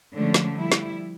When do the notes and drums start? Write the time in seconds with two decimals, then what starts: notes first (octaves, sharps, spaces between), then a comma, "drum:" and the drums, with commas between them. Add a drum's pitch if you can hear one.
0.16 D3 F3 G#3 A3 C#4
0.34 drum: snare
0.53 F3 G3 E4
0.72 drum: snare